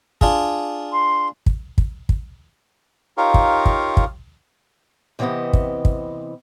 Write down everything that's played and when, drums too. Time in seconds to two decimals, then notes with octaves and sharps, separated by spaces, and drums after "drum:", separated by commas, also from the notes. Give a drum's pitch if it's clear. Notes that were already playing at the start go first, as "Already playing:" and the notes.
0.21 D4 F4 G#4, drum: kick
0.93 C6
1.46 drum: kick
1.78 drum: kick
2.09 drum: kick
3.17 D#4 F4 G4 A#4 C#5 F5
3.34 drum: kick
3.66 drum: kick
3.97 drum: kick
5.19 C3 E3 F#3 B3 C4 D#5
5.53 drum: kick
5.85 drum: kick